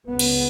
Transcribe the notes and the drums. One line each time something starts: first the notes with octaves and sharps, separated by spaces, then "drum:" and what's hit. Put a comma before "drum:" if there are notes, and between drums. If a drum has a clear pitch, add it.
C#2 C#3 B3
drum: cymbal